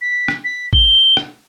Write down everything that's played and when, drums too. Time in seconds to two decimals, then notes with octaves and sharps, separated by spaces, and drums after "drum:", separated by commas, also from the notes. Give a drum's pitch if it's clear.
0.01 B6
0.28 drum: rim click
0.44 B6
0.73 G7, drum: kick
1.17 drum: rim click